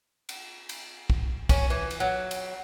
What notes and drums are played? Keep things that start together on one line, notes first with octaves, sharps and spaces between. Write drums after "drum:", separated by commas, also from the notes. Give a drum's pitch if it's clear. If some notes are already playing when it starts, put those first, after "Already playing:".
drum: cymbal
drum: cymbal
drum: kick
C#4, drum: kick, cymbal
E3
drum: cymbal
F#3
drum: cymbal